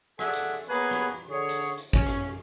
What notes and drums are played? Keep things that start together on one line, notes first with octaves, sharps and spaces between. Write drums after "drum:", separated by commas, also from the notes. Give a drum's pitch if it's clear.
G#4 A4 D5 E5 F#5 G#5, drum: rim click
drum: hi-hat
A#3 B3 G#4 B4 C#5 G#5
drum: rim click
D3 G#4 C#5
drum: hi-hat
drum: hi-hat
C#4, drum: kick G#1
drum: rim click